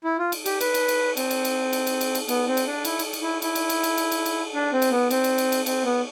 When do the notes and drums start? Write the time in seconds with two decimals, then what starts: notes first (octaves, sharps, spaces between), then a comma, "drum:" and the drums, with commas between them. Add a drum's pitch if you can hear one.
0.04 E4
0.19 F4
0.32 drum: cymbal
0.46 G4, drum: cymbal
0.61 B4, drum: cymbal
0.74 drum: cymbal
0.88 drum: cymbal
1.17 C4, drum: cymbal
1.31 drum: cymbal
1.45 drum: cymbal
1.73 drum: cymbal
1.87 drum: cymbal
2.01 drum: cymbal
2.15 drum: cymbal
2.28 B3, drum: cymbal
2.48 C4
2.57 drum: cymbal
2.67 D4
2.85 E4, drum: cymbal
2.99 drum: cymbal
3.13 drum: cymbal
3.23 E4
3.42 E4, drum: cymbal
3.55 drum: cymbal
3.69 drum: cymbal
3.83 drum: cymbal
3.98 drum: cymbal
4.12 drum: cymbal
4.26 drum: cymbal
4.54 D4
4.73 C4
4.82 drum: cymbal
4.91 B3
5.11 C4, drum: cymbal
5.24 drum: cymbal
5.38 drum: cymbal
5.52 drum: cymbal
5.66 C4, drum: cymbal
5.84 B3